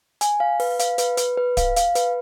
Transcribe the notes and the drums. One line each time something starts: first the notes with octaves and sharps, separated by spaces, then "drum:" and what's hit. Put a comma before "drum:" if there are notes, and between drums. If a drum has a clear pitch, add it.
G#5, drum: hi-hat
F5
B4, drum: open hi-hat
F5, drum: hi-hat
B4, drum: hi-hat
B4, drum: hi-hat
B4
F5, drum: kick D1, hi-hat
F5, drum: hi-hat
B4, drum: hi-hat